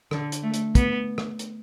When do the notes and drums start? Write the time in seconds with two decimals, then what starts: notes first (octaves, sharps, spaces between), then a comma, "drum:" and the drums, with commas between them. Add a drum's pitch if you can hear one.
0.11 D3, drum: rim click
0.32 drum: hi-hat
0.43 A3
0.54 drum: hi-hat
0.75 B3, drum: kick, hi-hat
1.18 drum: rim click
1.39 drum: hi-hat